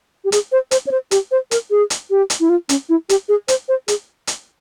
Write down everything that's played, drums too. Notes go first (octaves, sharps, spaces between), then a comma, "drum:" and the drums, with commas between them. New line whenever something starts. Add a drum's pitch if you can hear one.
G4
G#4, drum: hi-hat
C5
C5, drum: hi-hat
C#5
C5
G4, drum: hi-hat
C5
A#4, drum: hi-hat
G#4
drum: hi-hat
G4
drum: hi-hat
E4
F4
C#4, drum: hi-hat
E4
G4, drum: hi-hat
G#4
C5, drum: hi-hat
C5
G#4, drum: hi-hat
drum: hi-hat